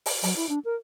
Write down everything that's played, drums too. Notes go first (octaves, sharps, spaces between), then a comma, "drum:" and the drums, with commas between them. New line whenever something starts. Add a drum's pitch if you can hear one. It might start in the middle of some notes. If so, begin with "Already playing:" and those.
drum: open hi-hat
F#3, drum: open hi-hat
E4
D4
A#4